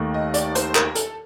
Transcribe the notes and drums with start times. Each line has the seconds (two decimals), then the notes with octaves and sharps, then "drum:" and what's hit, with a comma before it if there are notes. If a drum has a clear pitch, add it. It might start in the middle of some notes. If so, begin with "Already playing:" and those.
Already playing: D#2 D#3 A3
0.14 D#5
0.34 D5, drum: hi-hat
0.55 C5, drum: hi-hat
0.75 A#4, drum: clap
0.95 A4, drum: hi-hat